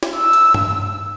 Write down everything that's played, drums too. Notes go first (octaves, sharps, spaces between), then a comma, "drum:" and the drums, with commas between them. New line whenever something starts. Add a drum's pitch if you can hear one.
drum: snare
E6
drum: hi-hat
drum: tom G2